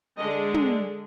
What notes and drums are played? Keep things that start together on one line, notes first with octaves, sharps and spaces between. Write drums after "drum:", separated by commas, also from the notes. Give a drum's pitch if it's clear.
D3 G#3 D4 D#5
drum: tom